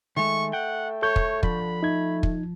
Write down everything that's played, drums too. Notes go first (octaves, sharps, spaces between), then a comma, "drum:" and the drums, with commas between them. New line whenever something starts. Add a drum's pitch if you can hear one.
D#3 G#3 A3 C#6
F#5 G5
A4 C#5 C#6 G6
drum: kick
D3 F3 B5, drum: kick
A3 D#4 G#6
drum: kick